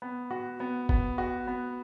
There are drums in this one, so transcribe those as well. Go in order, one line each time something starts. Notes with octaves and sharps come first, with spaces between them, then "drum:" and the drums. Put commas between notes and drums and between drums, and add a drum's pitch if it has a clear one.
B3
F#4
B3
B3, drum: kick
F#4
B3